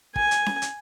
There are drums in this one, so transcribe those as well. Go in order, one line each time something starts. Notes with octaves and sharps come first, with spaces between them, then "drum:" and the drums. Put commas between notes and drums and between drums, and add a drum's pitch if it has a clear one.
G#5, drum: kick
drum: hi-hat
drum: snare C#4
drum: hi-hat